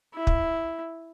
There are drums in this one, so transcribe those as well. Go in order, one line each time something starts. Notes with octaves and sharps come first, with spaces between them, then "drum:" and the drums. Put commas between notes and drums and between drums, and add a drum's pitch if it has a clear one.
E4
drum: kick